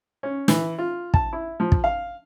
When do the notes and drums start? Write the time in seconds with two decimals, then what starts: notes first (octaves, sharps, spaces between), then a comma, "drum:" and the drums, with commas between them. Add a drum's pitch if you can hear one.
0.23 C#4
0.48 E3, drum: snare
0.78 F4
1.14 A5, drum: kick
1.33 E4
1.60 F3
1.72 drum: kick
1.84 F5